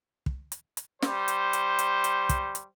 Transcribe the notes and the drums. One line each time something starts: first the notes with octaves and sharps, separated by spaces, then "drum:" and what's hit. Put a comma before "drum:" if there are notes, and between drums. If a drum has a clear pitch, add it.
drum: kick
drum: hi-hat
drum: hi-hat
G3 C5, drum: snare
drum: hi-hat
drum: hi-hat
drum: hi-hat
drum: hi-hat
drum: kick, hi-hat
drum: hi-hat